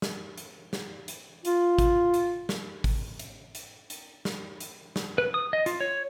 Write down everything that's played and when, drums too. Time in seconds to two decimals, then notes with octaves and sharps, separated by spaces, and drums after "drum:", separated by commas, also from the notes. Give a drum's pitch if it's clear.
0.02 drum: snare
0.38 drum: hi-hat
0.73 drum: snare
1.08 drum: hi-hat
1.45 F4, drum: hi-hat
1.78 drum: kick, hi-hat
2.14 drum: hi-hat
2.49 drum: snare
2.84 drum: kick, open hi-hat
3.19 drum: hi-hat
3.55 drum: hi-hat
3.90 drum: hi-hat
4.25 drum: snare
4.60 drum: hi-hat
4.96 drum: snare
5.18 B4
5.34 D#6
5.53 D#5
5.66 F4, drum: hi-hat
5.81 C#5